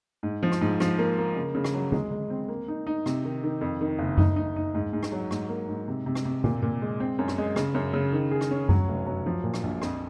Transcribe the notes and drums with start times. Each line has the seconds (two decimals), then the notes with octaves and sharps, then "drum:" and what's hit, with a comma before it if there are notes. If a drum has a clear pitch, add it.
0.23 G#2
0.43 F3
0.52 drum: rim click
0.61 G#2
0.80 F3, drum: rim click
0.98 A#3
1.18 A#3
1.36 C#3
1.55 C#3
1.64 drum: rim click
1.74 F#3
1.92 G#3, drum: tom D3
2.11 G#3
2.30 C4
2.48 A#3
2.68 D#4
2.87 D#4
3.06 C3, drum: rim click
3.25 D#3
3.44 D#3
3.61 F2
3.81 D#3
3.99 F#1
4.18 D#4, drum: tom F#2
4.36 D#4
4.56 D#4
4.74 G#2
4.93 G#2
5.03 drum: rim click
5.12 F#3
5.31 G#2, drum: rim click
5.49 A#3
5.69 G#2
5.88 C3
6.06 C3
6.15 drum: rim click
6.25 C3
6.44 A#2, drum: tom D3
6.62 A#2
6.82 G#3
7.00 C4
7.19 F#2
7.28 drum: rim click
7.38 G#3
7.56 C#3, drum: rim click
7.75 F#2
7.94 C#3
8.13 D#3
8.31 G#4
8.41 drum: rim click
8.51 C#4
8.69 F#3, drum: tom F#2
8.88 F1
9.06 F#3
9.26 F3
9.44 A#2
9.54 drum: rim click
9.63 A#1
9.82 F2, drum: rim click